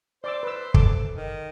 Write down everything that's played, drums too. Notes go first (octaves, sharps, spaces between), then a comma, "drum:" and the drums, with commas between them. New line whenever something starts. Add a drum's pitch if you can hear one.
C5 D5 D6 E6
B4 E6
A4 D6 E6, drum: kick
D#3